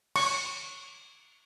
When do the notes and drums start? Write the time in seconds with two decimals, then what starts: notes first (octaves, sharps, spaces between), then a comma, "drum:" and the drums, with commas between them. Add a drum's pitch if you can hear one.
0.16 C#6, drum: cymbal